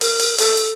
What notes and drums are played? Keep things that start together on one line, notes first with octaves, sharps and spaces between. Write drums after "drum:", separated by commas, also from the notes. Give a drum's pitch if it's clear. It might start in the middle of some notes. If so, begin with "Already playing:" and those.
A#4, drum: open hi-hat
drum: open hi-hat
A4, drum: open hi-hat
drum: hi-hat